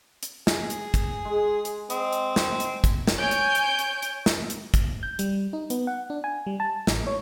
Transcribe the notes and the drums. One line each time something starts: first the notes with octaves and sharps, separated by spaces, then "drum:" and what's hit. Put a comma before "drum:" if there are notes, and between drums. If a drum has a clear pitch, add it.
drum: hi-hat
G#4, drum: snare
drum: hi-hat
drum: kick, hi-hat
G#3
drum: hi-hat
C4 D#5, drum: hi-hat
drum: hi-hat
drum: snare
drum: hi-hat
drum: kick, hi-hat
drum: snare
C#5 G#5 G6 D7
drum: hi-hat
drum: hi-hat
drum: hi-hat
drum: hi-hat
drum: snare
drum: hi-hat
drum: kick, hi-hat
G6
G3, drum: hi-hat
D#4
B3, drum: hi-hat
F#5
D4
G#5
G3
A5
A1, drum: snare
C#5